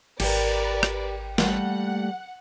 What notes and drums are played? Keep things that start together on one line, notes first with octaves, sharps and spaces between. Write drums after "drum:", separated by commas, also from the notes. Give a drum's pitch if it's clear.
G#1 G4 A#4 B4 D5 G5, drum: cymbal
drum: rim click
G3 A3 A#3 F#5, drum: snare